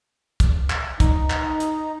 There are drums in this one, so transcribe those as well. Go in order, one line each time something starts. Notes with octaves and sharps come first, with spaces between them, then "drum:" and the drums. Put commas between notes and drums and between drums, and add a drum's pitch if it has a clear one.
drum: kick, hi-hat
drum: clap
D#4, drum: kick, hi-hat
drum: clap
drum: hi-hat